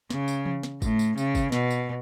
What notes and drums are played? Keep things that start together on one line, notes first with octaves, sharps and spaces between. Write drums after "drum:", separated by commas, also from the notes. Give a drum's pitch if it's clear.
C#3, drum: snare
drum: tambourine
drum: tom E3
drum: snare
A2, drum: kick, tambourine
drum: tambourine
C#3, drum: tambourine
drum: kick, tambourine
B2, drum: snare
drum: tambourine